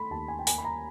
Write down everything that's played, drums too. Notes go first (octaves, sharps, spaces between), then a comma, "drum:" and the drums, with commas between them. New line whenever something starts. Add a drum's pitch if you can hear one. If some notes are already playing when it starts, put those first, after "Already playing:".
Already playing: A3 B5 C6
D#2 A5
G#5
G5
A#3 G#5, drum: hi-hat
B5
A#5